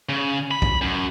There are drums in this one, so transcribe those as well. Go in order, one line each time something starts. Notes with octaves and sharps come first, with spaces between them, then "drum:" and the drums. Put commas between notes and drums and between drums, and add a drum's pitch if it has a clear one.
C#3
B5
drum: kick
F#2